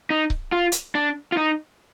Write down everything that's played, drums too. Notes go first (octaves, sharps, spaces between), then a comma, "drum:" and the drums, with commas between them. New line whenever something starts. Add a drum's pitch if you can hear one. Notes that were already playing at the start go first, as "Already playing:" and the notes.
D#4
drum: kick C#1
F4
drum: hi-hat
D4
F4
D#4